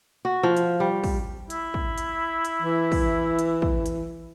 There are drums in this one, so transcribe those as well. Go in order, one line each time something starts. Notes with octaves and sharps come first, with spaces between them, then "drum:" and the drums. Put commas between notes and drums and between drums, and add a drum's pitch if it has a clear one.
F#4
F3
drum: hi-hat
G3
drum: kick, open hi-hat
E4, drum: hi-hat
drum: kick
drum: hi-hat
drum: hi-hat
E3
drum: kick, open hi-hat
drum: hi-hat
drum: kick
drum: hi-hat